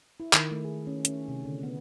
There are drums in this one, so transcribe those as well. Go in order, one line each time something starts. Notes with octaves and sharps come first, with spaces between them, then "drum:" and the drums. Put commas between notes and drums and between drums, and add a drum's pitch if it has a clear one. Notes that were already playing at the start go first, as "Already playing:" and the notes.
E4
D#3, drum: clap
A3
G#4
C#4
C#4, drum: hi-hat
C3
D3
B3